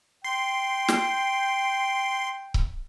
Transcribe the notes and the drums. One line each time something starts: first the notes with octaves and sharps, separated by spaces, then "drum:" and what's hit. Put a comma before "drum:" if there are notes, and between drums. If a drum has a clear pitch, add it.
G5 C6
drum: snare
drum: kick C#1